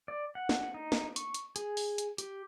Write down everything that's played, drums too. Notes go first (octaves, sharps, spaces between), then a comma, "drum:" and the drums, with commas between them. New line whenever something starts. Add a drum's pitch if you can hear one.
D5
F#5
drum: snare
D#4
drum: snare
C#6, drum: hi-hat
drum: hi-hat
G#4, drum: hi-hat
drum: open hi-hat
drum: hi-hat
G4, drum: hi-hat